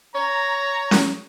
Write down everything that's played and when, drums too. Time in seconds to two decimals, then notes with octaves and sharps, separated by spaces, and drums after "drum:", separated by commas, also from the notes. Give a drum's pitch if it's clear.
0.14 C#5 A#5
0.91 drum: snare C#4